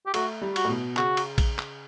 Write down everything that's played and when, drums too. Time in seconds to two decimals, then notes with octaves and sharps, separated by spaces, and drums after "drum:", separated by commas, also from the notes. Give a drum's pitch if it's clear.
0.06 G4
0.14 A3 F#4, drum: cymbal
0.42 G3
0.56 F#4, drum: cymbal
0.65 A2
0.69 B2
0.97 C#3 F#4, drum: clap
1.17 drum: cymbal
1.38 drum: kick A#1, cymbal
1.59 drum: clap